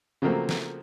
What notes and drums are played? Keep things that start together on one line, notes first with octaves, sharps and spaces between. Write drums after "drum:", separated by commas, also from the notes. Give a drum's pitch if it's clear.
C#3 F3 F#3 A3 A#3 C4
drum: snare